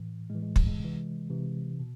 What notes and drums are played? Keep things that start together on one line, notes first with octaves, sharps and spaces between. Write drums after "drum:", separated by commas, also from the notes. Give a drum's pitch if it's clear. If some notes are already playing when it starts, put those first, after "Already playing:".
Already playing: A2 E3
A2 E3 G#3
G#3
G3, drum: kick
G#3
C3 E3
C3 E3
B2